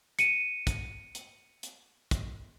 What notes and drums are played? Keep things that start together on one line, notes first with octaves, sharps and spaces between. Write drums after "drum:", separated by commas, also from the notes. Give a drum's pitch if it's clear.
C#7 D#7, drum: hi-hat
drum: kick, hi-hat
drum: hi-hat
drum: hi-hat
drum: kick, hi-hat